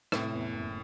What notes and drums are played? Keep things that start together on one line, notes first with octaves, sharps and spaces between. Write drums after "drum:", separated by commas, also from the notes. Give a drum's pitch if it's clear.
A2 C3, drum: rim click
E2
F#1